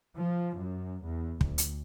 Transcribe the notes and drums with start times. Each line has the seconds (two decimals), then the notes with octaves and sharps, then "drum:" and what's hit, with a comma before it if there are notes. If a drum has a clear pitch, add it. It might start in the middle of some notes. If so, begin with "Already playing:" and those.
0.16 F3
0.57 F#2
1.04 E2
1.41 D2, drum: kick
1.58 drum: hi-hat